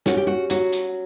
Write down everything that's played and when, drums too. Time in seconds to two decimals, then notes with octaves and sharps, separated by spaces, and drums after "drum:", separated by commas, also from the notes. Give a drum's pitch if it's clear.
0.06 C#4 F#4, drum: snare
0.17 G4
0.27 F#4
0.50 F#3 F#4, drum: hi-hat
0.72 drum: hi-hat